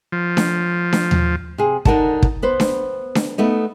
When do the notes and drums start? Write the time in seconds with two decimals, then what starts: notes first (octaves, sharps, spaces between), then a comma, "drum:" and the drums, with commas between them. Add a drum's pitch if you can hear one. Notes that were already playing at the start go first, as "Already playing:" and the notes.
0.12 F3
0.37 drum: snare D4
0.93 drum: snare D4
1.11 drum: tom D#2
1.58 C3 G#4
1.85 D3 D#4 A#4 F#5 A5, drum: kick
2.22 drum: kick
2.42 B3 B4 C5
2.60 drum: snare D4
3.15 drum: snare D4
3.38 A3 B3 D#4